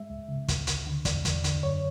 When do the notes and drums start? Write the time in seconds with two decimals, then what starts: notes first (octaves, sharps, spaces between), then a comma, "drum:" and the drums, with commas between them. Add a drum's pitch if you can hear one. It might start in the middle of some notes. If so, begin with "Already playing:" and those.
Already playing: G#3 E5
0.10 C#2
0.28 C#3
0.48 D2, drum: kick, hi-hat
0.67 D2, drum: hi-hat
0.87 D3
1.05 E2 D5, drum: kick, hi-hat
1.25 E2, drum: kick, hi-hat
1.44 D3, drum: hi-hat
1.63 F#2 C#5